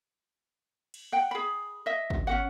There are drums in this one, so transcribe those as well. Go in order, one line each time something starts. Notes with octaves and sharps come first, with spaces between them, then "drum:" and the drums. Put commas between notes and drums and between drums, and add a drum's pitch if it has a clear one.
drum: cymbal
F#5 G5
G#4 B5
D#5 E5
drum: kick
C#4 F#4 F#5